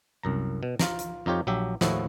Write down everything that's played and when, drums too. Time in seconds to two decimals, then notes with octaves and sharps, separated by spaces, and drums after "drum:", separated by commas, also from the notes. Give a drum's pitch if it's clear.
0.23 C2 F#2 A#5
0.63 B2
0.79 F4 A#5, drum: snare
0.99 drum: hi-hat
1.26 F2 D#4 F4 G4 C#5
1.47 A#1 F#3 G4 E5
1.81 D#2 A2 F3 E4 F#4 D#5, drum: snare